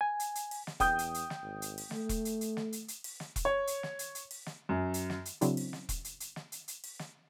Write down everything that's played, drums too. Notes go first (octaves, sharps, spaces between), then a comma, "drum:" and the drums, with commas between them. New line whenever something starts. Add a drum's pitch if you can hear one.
G#5
drum: hi-hat
drum: hi-hat
drum: open hi-hat
drum: snare
E2 G5 D#6 G6, drum: kick E1, hi-hat
drum: hi-hat
drum: hi-hat
drum: snare
G#1
drum: hi-hat
drum: open hi-hat
A3, drum: snare
drum: kick E1, hi-hat
drum: hi-hat
drum: hi-hat
drum: snare
drum: hi-hat
drum: hi-hat
drum: open hi-hat
drum: snare
drum: kick E1, hi-hat
C#5
drum: hi-hat
drum: snare
drum: hi-hat
drum: hi-hat
drum: open hi-hat
drum: snare
F#2
drum: hi-hat
drum: snare
drum: hi-hat
C#3 F#3 C4 D4 E4, drum: hi-hat
drum: open hi-hat
drum: snare
drum: kick E1, hi-hat
drum: hi-hat
drum: hi-hat
drum: snare
drum: hi-hat
drum: hi-hat
drum: open hi-hat
drum: snare